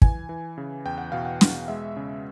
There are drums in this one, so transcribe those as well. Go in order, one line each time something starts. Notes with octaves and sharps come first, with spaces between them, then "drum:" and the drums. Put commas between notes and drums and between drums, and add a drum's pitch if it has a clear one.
E3 G#5, drum: kick
E3
C#3
E2 G5
F#5
B2 F5
F#5
B2, drum: snare
G#3 E5
C#3